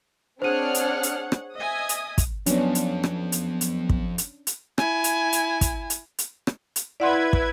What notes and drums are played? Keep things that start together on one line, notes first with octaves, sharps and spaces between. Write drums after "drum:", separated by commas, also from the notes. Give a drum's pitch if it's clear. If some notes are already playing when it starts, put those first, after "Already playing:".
C4 D4 G#4 C5 C#5 F#5 F6 D#7
drum: hi-hat
drum: hi-hat
drum: rim click
D#5 E5 G#5 D#6
drum: hi-hat
drum: kick, hi-hat
F2 F#3 B3 C#4 D4, drum: hi-hat
drum: hi-hat
drum: rim click
drum: hi-hat
drum: hi-hat
drum: kick
drum: hi-hat
drum: hi-hat
E4 G#5, drum: rim click
drum: hi-hat
drum: hi-hat
drum: kick, hi-hat
drum: hi-hat
drum: hi-hat
drum: rim click
drum: hi-hat
E4 B4 D5 F#5 C6 G#6
drum: kick